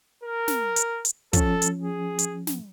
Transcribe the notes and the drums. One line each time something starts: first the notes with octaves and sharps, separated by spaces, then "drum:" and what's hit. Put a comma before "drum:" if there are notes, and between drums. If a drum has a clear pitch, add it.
A#4
drum: snare
drum: hi-hat
drum: hi-hat
F3 C#4 A4, drum: kick, hi-hat
drum: hi-hat
G#4
drum: hi-hat
drum: snare